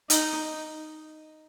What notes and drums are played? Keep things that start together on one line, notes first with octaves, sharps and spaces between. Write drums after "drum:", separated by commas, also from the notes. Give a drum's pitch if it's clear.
D#4, drum: hi-hat